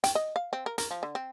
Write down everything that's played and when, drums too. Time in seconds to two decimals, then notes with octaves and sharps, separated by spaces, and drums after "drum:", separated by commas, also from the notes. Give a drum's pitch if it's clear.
0.04 G5, drum: hi-hat
0.15 D#5
0.36 F5
0.53 C4
0.66 A#4
0.78 A#4, drum: hi-hat
0.91 F3
1.03 D3
1.15 C4